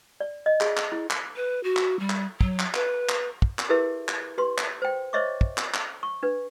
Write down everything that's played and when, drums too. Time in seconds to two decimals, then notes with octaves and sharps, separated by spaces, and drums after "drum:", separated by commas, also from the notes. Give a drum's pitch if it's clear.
0.20 D5
0.46 D#5
0.61 G#4, drum: clap
0.77 drum: clap
0.92 E4
1.10 drum: clap
1.36 B4
1.64 F#4
1.77 drum: clap
2.00 G3
2.10 drum: clap
2.41 F#3, drum: kick
2.59 drum: clap
2.74 B4, drum: clap
3.09 drum: clap
3.42 drum: kick
3.59 drum: clap
3.69 E4 G4 G#4 A#4 B4 E5
4.08 drum: clap
4.38 G4 B4 C6
4.58 drum: clap
4.82 C5 G5
5.13 C5 C#5 D#5 E5 C#6 D6
5.41 drum: kick
5.58 drum: clap
5.74 drum: clap
6.03 C#6
6.23 D4 B4